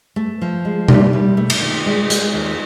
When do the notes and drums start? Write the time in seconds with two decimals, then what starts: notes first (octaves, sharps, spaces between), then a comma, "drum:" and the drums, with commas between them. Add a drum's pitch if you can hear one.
0.16 A3
0.41 F3
0.65 G#3
0.88 G3, drum: tom B2
1.13 G3
1.37 A3
1.50 drum: cymbal
1.61 D#3
1.86 G#3
2.10 G#3, drum: hi-hat
2.34 D#2